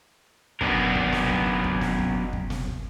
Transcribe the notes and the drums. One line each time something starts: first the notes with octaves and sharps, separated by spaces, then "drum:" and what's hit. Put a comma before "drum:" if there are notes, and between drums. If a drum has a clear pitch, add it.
F#3 B3 C#4 D4 A#4, drum: kick
drum: kick
drum: snare
drum: kick
drum: kick
drum: snare
drum: kick
drum: kick
drum: snare
drum: kick